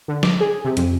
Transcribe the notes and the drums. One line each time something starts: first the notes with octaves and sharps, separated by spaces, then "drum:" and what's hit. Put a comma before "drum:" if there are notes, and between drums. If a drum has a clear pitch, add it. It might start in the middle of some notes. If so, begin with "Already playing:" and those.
D3
D6, drum: snare
G#4
C3
F2, drum: hi-hat